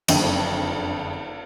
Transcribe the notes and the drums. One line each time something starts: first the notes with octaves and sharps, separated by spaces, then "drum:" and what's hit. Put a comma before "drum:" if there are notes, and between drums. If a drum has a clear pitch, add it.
F#1 F2 D3 G5 E6 D#7, drum: cymbal